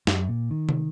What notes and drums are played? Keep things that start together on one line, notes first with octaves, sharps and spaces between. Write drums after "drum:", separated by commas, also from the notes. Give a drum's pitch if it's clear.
F#2, drum: snare
A#2
D#3
drum: tom